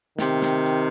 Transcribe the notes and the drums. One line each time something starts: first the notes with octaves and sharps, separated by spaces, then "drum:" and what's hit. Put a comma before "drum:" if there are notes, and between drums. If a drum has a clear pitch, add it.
C3 D#3, drum: snare
drum: snare
drum: hi-hat